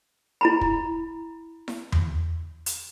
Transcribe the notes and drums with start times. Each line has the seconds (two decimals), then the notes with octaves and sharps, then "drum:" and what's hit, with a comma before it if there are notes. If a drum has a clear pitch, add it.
0.41 E4 A#5 B5
0.61 drum: kick
1.68 drum: snare E4
1.92 drum: tom E2
2.66 drum: hi-hat